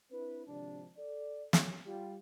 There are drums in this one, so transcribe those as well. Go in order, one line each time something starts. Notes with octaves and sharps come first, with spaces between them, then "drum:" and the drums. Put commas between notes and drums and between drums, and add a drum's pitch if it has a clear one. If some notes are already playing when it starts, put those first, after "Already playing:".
C4 D4 E4 B4
G#1 C3 F3 D4
A4 D5
G1 F#2, drum: snare
G3 F4 G4